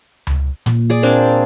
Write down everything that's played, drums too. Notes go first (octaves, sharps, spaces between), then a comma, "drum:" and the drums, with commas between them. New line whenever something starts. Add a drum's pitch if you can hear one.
drum: tom C#2
A#2, drum: snare
G#4 D5
A#3 C4 D4